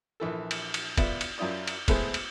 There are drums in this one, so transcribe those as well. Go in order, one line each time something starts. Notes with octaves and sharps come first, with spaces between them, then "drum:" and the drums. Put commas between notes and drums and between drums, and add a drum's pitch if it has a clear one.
A#1 E3 A4
drum: cymbal
drum: cymbal
B3 F4 D5 E5, drum: kick, cymbal
drum: cymbal
F#2 F#3 E4 F4 D5 D#6
drum: cymbal
G#3 A3 B3 E4 G#4 C5, drum: kick, cymbal
drum: cymbal